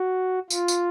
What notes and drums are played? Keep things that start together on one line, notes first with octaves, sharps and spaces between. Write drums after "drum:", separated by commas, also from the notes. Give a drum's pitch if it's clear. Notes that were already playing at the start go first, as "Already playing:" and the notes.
Already playing: F#4
F4, drum: tambourine
drum: tambourine